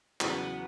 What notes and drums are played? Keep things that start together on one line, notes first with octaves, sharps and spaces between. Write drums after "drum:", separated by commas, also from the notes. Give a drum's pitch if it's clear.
E2 C#3 F#3 B3, drum: clap